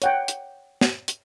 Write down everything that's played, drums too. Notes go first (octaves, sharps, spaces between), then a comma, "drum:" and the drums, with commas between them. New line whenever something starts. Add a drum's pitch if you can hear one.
C#5 F#5 G5, drum: hi-hat
drum: hi-hat
drum: snare
drum: hi-hat